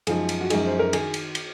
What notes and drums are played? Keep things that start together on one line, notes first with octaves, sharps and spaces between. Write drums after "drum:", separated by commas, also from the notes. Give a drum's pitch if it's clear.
F#2 F3 G#3 D#4 G#4, drum: cymbal
drum: cymbal
F#4
F#2 F3 G#3 D#4 G#4, drum: cymbal
C5
A#4
D#3 G#4, drum: cymbal
drum: cymbal
drum: cymbal